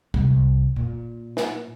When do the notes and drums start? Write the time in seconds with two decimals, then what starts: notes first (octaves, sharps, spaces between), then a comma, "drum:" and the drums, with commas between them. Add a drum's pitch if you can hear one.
0.14 C2, drum: kick
0.76 A#2
1.37 drum: snare